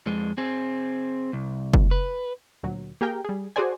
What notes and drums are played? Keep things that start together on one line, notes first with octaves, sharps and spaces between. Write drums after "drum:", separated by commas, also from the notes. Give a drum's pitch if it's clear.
F2 G#3
C4 G#4
C2
drum: kick
B4
D2 A#2 F#3
A#3 G4 G#4 A#4 G5
G3 G#4
F#4 G#4 A4 C5 D5 G#5